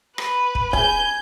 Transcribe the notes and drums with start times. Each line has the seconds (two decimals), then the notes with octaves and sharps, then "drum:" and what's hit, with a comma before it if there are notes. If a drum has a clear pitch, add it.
0.18 B4, drum: rim click
0.55 drum: kick
0.73 G#5 G6, drum: kick